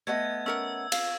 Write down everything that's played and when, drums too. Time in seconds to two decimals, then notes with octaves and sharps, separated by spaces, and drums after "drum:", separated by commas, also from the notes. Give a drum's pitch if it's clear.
0.07 A3 B3 D#5 G#6
0.46 C#4 A#4 F#5 E6
0.92 F5, drum: cymbal